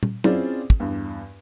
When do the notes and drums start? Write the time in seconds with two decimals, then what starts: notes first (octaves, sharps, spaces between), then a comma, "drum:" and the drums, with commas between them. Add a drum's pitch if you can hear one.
0.03 drum: tom
0.24 C4 C#4 E4 F4 G#4 D5, drum: tom
0.70 drum: kick
0.80 E2 G2